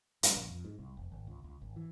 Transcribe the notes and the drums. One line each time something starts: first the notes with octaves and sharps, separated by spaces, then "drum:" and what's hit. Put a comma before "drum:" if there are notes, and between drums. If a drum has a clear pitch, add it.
G2, drum: hi-hat
A#1
F2
G#2
C2
F1
G#1
C#2
C#2
G#1
E3